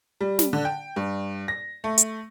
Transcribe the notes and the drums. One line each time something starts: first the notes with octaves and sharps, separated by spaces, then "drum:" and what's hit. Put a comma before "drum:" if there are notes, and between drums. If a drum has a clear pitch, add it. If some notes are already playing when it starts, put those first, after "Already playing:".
G3
drum: snare
D3
G5
G2
A#6
A3
drum: hi-hat